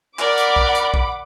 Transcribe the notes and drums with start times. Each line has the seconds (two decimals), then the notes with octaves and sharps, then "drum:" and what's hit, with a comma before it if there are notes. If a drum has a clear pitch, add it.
0.19 A#4 D5 F#5 B5 D6, drum: clap
0.38 drum: hi-hat
0.56 drum: kick A#1
0.75 drum: hi-hat
0.94 drum: kick A#1